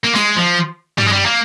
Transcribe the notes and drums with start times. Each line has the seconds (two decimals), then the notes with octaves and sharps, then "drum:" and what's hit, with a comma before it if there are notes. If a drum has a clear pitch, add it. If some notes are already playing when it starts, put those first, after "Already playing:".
0.04 A#3
0.15 G#3, drum: snare
0.37 F3
0.98 G3, drum: tom
1.07 G#3
1.12 G3
1.25 A#3